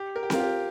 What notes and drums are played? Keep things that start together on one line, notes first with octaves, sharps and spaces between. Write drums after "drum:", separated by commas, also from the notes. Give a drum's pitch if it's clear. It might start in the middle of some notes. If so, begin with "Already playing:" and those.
Already playing: G4
A#4
G4
A#4, drum: snare C4
F4
G4